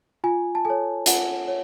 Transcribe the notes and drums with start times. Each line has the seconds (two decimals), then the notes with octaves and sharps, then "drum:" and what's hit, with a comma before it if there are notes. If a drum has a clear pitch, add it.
0.24 F4 G#5
0.55 A5
0.65 A4 C#5 G#5
1.06 F4 F#5, drum: hi-hat
1.48 C#5